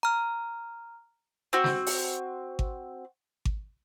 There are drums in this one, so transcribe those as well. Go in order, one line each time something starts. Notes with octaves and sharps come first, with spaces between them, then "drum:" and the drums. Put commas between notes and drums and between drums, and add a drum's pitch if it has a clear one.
A#5 F6
C4 F#4
drum: snare
drum: open hi-hat
drum: kick G#1
drum: kick G#1